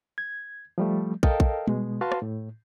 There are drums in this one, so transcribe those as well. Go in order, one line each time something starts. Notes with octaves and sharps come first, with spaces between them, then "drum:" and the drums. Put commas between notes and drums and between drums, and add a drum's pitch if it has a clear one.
G#6
F3 G3 A3
A4 A#4 D#5 F5 G5 A5, drum: kick
drum: kick
B2 G#3, drum: tom G3
F#4 B4 F5 A5 C6
drum: rim click
A2